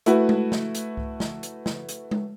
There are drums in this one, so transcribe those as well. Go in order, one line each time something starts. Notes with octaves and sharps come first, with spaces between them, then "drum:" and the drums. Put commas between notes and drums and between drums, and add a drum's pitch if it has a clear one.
A3 E4 F#4 B4, drum: hi-hat
drum: tom G#3
drum: snare
drum: hi-hat
drum: kick C2
drum: snare
drum: hi-hat
drum: snare
drum: hi-hat
drum: tom G#3